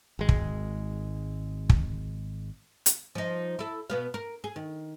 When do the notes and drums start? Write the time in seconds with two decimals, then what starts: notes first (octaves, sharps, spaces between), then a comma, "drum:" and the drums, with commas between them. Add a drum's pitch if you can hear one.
0.19 G#1 G#3
0.29 drum: kick
1.69 drum: kick
2.86 drum: hi-hat
3.15 F3 D#4
3.59 E4 A4
3.90 B2 B3 F5
4.14 A#4
4.44 G#4
4.56 D#3